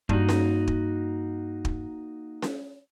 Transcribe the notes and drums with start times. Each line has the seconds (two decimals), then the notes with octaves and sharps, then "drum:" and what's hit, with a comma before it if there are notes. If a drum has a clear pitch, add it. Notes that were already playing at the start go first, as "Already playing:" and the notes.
0.09 G2 A#3 D#4 F#4, drum: kick
0.29 drum: snare C#4
0.67 drum: kick
1.65 drum: kick
2.42 drum: snare C#4